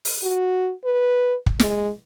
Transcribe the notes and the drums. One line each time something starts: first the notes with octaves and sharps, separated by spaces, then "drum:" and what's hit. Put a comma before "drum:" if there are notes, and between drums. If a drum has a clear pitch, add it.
drum: open hi-hat
F#4
B4
drum: kick
G#3, drum: snare